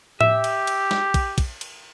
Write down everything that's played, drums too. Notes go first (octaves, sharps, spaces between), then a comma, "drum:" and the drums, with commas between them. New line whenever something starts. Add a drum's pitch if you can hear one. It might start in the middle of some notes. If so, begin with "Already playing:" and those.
G4 E5, drum: tom A2
drum: cymbal
drum: cymbal
drum: snare
drum: kick, cymbal
drum: kick, cymbal
drum: cymbal